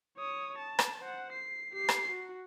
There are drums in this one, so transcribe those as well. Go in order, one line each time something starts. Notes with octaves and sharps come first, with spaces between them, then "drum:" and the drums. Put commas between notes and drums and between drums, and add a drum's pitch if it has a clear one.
C#5 D#6
A5
drum: rim click
C5 F#5
C7
G4 C7
drum: rim click
F#4